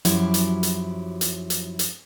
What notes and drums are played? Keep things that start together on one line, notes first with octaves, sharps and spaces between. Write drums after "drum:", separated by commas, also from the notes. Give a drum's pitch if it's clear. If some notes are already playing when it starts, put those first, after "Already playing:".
F#2 F3 F#3 E4 G4 G#5, drum: hi-hat
drum: hi-hat
drum: hi-hat
drum: hi-hat
drum: hi-hat
drum: hi-hat